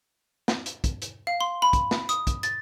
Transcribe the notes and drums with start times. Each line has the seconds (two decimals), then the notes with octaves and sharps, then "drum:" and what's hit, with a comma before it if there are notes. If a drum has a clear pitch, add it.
0.48 drum: snare
0.66 drum: hi-hat
0.84 drum: kick, hi-hat
1.02 drum: hi-hat
1.27 F5
1.41 C6
1.62 B5
1.73 drum: kick, hi-hat
1.91 drum: snare
2.09 D#6, drum: hi-hat
2.27 drum: kick, hi-hat
2.43 A6, drum: hi-hat